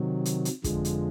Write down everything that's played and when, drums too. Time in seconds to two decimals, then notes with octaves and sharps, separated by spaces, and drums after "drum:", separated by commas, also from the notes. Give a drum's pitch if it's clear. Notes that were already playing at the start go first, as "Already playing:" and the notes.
Already playing: C3 D#3 F#3
0.25 drum: hi-hat
0.45 drum: hi-hat
0.64 F2 D3 F3 G#3, drum: kick, hi-hat
0.85 drum: hi-hat